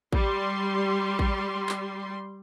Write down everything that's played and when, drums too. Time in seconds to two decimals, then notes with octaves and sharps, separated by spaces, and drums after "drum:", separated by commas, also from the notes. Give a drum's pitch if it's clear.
0.13 G3 C6, drum: kick A1
1.19 drum: kick A1
1.69 drum: clap